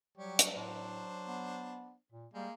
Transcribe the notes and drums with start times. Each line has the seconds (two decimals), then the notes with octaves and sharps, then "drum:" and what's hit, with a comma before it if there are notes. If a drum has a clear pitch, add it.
0.17 F#3 G3 G4 C#5
0.39 drum: hi-hat
0.56 A2 D4 C5
1.27 B3
2.12 A#2
2.34 G3 G#3 A#3